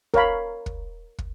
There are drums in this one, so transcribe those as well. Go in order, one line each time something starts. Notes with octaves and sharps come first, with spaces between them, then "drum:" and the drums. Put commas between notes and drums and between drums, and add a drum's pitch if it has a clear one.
A#4 C#5 F5 B5, drum: kick
drum: kick
drum: kick